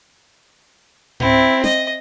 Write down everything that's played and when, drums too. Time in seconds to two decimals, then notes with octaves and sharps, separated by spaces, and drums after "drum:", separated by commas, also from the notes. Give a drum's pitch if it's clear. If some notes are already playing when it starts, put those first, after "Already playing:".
1.20 C4 E4, drum: tom G#2
1.64 D#5, drum: snare